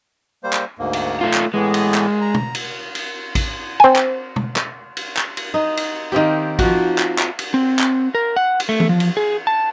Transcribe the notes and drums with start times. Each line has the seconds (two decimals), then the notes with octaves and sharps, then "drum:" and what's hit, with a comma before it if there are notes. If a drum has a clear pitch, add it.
0.44 G3 A#3 C5
0.53 drum: clap
0.79 D2 G#2 A#3
0.93 drum: cymbal
1.21 A3 F4
1.34 drum: clap
1.54 A2 E3 G#3 B3
1.74 drum: cymbal
1.94 drum: clap
2.21 A#5
2.34 drum: tom
2.55 drum: cymbal
2.95 drum: cymbal
3.35 drum: kick A1, cymbal
3.80 C4 G#5
3.96 drum: clap
4.36 drum: tom
4.56 drum: clap
4.97 drum: cymbal
5.17 drum: clap
5.37 drum: cymbal
5.54 D#4
5.77 drum: cymbal
6.12 D#3 A#3 C4 G4
6.59 F3 A#3 F#4, drum: kick A1, cymbal
6.98 drum: clap
7.18 drum: clap
7.39 drum: cymbal
7.54 C4
7.79 drum: clap
8.15 A#4
8.36 F#5
8.60 drum: cymbal
8.69 A3
8.80 drum: tom E3
8.89 F3
9.00 drum: cymbal
9.17 G#4
9.47 A5